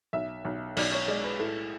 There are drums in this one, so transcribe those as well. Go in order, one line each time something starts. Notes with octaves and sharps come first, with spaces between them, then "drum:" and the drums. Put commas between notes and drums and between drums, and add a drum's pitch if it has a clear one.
B1 E5
B1
B1 D5, drum: cymbal
C#5
G#3 D5
B4
A2 A4